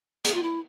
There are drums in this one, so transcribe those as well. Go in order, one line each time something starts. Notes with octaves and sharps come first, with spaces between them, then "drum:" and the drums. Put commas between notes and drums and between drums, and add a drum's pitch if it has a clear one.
G#4, drum: hi-hat
F4
E4